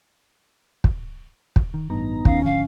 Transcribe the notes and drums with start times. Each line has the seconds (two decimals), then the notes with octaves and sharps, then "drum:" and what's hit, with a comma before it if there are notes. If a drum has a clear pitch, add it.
0.84 drum: kick
1.56 drum: kick
1.74 D#3
1.90 A1 G2 B3 D#4 A#5
2.25 D#2 C#4 F5, drum: kick
2.45 G#1 D3 F3 F5